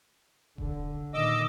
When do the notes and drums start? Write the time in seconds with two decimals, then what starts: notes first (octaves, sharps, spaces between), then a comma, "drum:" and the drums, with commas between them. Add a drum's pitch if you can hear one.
0.58 D3, drum: kick D#1
1.14 A#2 D#3 D#5 D6 E6